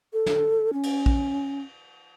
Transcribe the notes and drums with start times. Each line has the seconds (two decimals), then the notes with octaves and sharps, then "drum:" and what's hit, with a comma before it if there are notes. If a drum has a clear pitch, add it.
0.13 A4
0.26 drum: snare
0.73 C#4
0.83 drum: cymbal
1.06 drum: kick